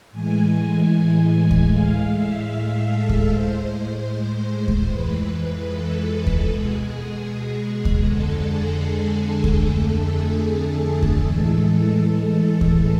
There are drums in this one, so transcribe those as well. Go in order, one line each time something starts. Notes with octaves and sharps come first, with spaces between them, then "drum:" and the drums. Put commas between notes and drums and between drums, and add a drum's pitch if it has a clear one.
A2 E3 G#3 G#5
G#5
drum: kick D2
A2 G#3 F5
E5
F5
A4
drum: kick D2
A2 G#3 C5
drum: kick D2
F2 E3 G#3 B4
B4
A4
drum: kick D2
B2 G#3 G#4
G#4
G#4
drum: kick D2
F2 D3 G#3 A4
G#4
G#4
drum: kick D2
F2 D3 A3 A4
G#4
A4
drum: kick D2
A2 E3 G#3
A4
drum: kick D2